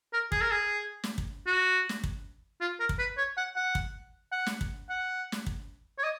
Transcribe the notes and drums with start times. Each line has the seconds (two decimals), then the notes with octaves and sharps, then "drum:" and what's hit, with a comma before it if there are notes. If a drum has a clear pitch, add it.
0.13 A#4
0.32 G#4, drum: kick
0.41 A#4
0.51 G#4
1.04 drum: snare
1.18 drum: kick
1.47 F#4
1.89 drum: snare
2.04 drum: kick
2.61 F4
2.80 A#4
2.89 drum: kick
2.99 B4
3.18 C#5
3.37 F#5
3.56 F#5
3.75 drum: kick
4.32 F#5
4.46 drum: snare
4.61 drum: kick
4.90 F#5
5.32 drum: snare
5.46 drum: kick
5.99 C#5
6.04 D#5